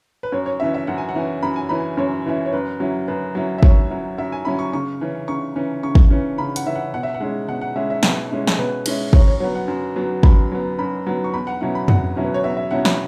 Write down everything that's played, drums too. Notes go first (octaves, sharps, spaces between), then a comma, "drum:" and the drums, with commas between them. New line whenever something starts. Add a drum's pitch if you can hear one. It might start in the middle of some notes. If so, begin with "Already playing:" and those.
B4
F#2 C#5
C#5
E3 C#4 E4 E5
E5
F#2 F#5
G#5
F#5
E3 C#4 E4
F#2 B5
G#5
E3 C#4 E4 B5
F#2 C#5
E3 C#4 E4
C#5
F#2 B4
F#3 C#4 E4
F#2 B4
F#3 C#4 E4
E5
F#2 C#5, drum: kick
F#3 C#4 E4
F#2 E5
G#5
F#3 C#4 E4 B5
C#6
C#3 C#6
E3 C#4
C#3 C#6
E3 C#4
C#3 C#6
drum: kick
E3 C#4
C#3 B5
F#5, drum: hi-hat
E3 C#4 E5
F#5
B2 F#5
E5
F#5
G#3 C#4 E4
B2 F#5
F#5
G#3 C#4 E4 E5
E5
B2, drum: snare
G#3 C#4 E4
drum: snare
B2 B4
G#3 C#4 E4, drum: cymbal
F#2 C#5, drum: kick
C#5
F#3 B3 C#5
F#5
F#2
F#3 B3
F#2 B5, drum: kick
F#3 B3
F#2 B5
F#3 B3
C#6
E2 B5
F#5
B2 F#3 C#4 E4 F#5
B5
E2 F#5, drum: tom F2
B2 F#3 C#4 E4
B4
C#5
E2 E5
E5
B2 F#3 C#4 E4 F#5
B5, drum: snare